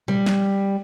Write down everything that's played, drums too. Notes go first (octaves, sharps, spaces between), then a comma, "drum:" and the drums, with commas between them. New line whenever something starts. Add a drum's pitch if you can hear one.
G3, drum: tom A#2
drum: snare